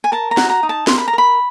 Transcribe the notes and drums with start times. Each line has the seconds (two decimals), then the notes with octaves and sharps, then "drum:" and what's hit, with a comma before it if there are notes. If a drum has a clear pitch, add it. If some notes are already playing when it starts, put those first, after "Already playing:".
0.04 G#5
0.12 A#4 A5
0.31 A#5
0.37 F#4, drum: snare
0.50 A#5
0.63 D#4
0.69 A5
0.87 A#4 C6, drum: snare
0.98 B5
1.08 A#5
1.13 A#4 B5